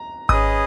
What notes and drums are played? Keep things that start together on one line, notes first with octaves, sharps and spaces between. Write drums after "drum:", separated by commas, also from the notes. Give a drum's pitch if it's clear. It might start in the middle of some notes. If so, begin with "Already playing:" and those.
Already playing: A#5
C#4 G#4 B4 D#5 D#6, drum: kick G#1